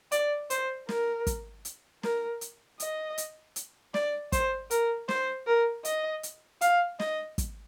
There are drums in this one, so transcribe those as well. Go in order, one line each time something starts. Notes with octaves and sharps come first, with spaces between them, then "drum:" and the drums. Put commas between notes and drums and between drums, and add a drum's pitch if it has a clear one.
D5, drum: hi-hat
C5, drum: hi-hat
A#4, drum: snare
drum: kick, hi-hat
drum: hi-hat
A#4, drum: snare
drum: hi-hat
D#5, drum: hi-hat
drum: hi-hat
drum: hi-hat
D5, drum: snare
C5, drum: kick, hi-hat
A#4, drum: hi-hat
C5, drum: snare
A#4
D#5, drum: hi-hat
drum: hi-hat
F5, drum: hi-hat
D#5, drum: snare
drum: kick, hi-hat